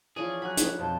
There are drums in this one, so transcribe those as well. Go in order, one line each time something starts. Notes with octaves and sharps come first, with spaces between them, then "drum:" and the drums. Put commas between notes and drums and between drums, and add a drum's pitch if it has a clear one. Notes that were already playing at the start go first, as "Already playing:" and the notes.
E3 F3 C#4 G#4 D5
F#3 F#4 G#5 B5 F#6
drum: hi-hat
F2 B2 A5 G6